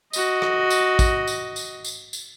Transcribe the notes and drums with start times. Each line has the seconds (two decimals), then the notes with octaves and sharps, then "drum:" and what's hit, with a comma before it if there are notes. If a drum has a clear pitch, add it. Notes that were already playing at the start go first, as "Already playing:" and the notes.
0.13 F#4 D#5, drum: tambourine
0.42 drum: rim click
0.70 drum: tambourine
0.99 drum: kick, tambourine
1.27 drum: tambourine
1.56 drum: tambourine
1.84 drum: tambourine
2.13 drum: tambourine